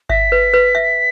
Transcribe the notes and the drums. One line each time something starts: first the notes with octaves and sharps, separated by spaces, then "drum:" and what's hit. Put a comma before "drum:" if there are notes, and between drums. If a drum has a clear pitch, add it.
E5 B6, drum: kick G1
B4
B4
E5